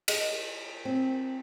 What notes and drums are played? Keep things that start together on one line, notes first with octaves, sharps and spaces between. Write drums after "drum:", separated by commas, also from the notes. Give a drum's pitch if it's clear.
G#4 D#5, drum: cymbal
C4